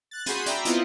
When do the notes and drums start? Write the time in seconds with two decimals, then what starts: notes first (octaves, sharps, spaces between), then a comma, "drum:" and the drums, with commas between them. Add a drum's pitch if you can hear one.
0.11 F#6 A6
0.26 F#4 G#4 B5 C6 G6 D#7, drum: hi-hat
0.46 D5 E5 G5 A#5 B5, drum: hi-hat
0.65 B3 C4 E4 F4 D#5, drum: hi-hat